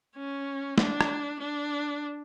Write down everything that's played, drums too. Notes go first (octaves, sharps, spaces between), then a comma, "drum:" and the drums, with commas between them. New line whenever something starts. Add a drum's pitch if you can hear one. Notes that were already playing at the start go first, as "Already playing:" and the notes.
C#4
D4, drum: snare
drum: rim click
D4